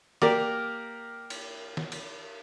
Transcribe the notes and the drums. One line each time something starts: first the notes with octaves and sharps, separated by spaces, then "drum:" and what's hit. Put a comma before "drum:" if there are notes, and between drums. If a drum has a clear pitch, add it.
A#3 G4 A#4 D5, drum: snare
drum: cymbal
drum: snare
drum: cymbal